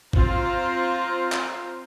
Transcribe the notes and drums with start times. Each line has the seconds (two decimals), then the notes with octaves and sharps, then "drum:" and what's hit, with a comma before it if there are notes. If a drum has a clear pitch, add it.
0.13 C4 F4 C5 F5 A#5, drum: kick G#1
1.32 drum: clap